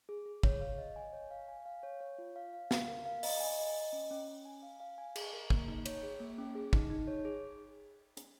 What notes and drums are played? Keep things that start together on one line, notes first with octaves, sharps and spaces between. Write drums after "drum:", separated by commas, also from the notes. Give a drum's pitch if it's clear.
G#4
G#4
C#5, drum: kick
F5
D#5
G#5
C#5
F5
G#5
F5
C#5
C#5
F4
F5
F5
F5, drum: snare
A#4
F5
D#5, drum: open hi-hat
G#5
D#5
D#5
C#4
C#4
C#4
G#5
F5
F5
G#5
G#4, drum: cymbal
A#4
A#3, drum: kick
D#4
C#5, drum: cymbal
G#4
A#3
C#4
G#4
D#4, drum: kick
D#4
C#5
G#4
drum: hi-hat